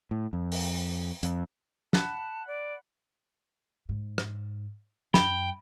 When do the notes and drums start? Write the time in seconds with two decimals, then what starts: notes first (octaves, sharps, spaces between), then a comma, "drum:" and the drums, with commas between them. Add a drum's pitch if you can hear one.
0.11 A2
0.33 F2
0.52 drum: open hi-hat
1.23 F2, drum: hi-hat
1.93 F#5 A5 B5, drum: snare
2.47 D5
3.89 G#2
4.18 drum: rim click
5.14 F#2 G5 B5, drum: snare